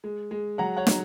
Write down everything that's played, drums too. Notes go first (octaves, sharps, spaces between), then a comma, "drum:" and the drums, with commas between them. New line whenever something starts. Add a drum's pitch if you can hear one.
G#3
G#3
F#3 F#5 A#5
C#5 F#5
F#3, drum: snare